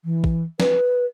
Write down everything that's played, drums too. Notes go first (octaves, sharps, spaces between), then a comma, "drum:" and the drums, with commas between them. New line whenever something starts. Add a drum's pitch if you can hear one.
E3
drum: kick
B4, drum: snare